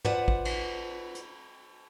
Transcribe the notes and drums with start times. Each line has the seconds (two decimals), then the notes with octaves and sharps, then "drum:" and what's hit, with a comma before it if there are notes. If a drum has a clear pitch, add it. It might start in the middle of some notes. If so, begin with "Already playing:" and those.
0.05 F4 B4 C5 D5 E5 F#5, drum: tom
0.28 drum: kick
0.45 drum: cymbal
1.15 drum: hi-hat